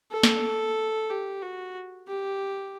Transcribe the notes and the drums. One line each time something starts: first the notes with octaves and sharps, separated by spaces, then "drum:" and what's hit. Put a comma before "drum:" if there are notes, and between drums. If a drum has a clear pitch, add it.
A4
drum: snare
G4
F#4
G4